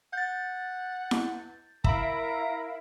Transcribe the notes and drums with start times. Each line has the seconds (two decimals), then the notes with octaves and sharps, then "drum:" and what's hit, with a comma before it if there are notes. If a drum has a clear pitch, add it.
0.13 F#5 G6 A6
1.11 drum: snare E4
1.84 E4 A#4 E5 F5 A#5 B5 D7, drum: kick